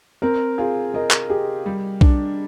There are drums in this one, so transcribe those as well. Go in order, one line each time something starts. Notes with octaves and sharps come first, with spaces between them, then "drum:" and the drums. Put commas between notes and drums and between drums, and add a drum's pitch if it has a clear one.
C4 A#4
F4 G#4
A#4 D#5
drum: clap
G4 G#4
G3
D4, drum: kick B1